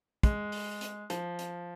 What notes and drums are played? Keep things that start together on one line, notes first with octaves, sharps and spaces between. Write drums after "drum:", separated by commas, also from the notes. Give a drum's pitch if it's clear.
G#3, drum: kick, hi-hat
drum: open hi-hat
drum: hi-hat
F3, drum: hi-hat
drum: hi-hat